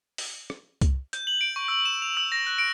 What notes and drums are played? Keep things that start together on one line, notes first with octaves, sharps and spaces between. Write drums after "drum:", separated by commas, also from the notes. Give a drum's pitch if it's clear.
drum: open hi-hat
drum: rim click
drum: kick C2, hi-hat
G6, drum: hi-hat
F#7
D7
C#6
E6
E7
F7
E6
A#6
F#6
D7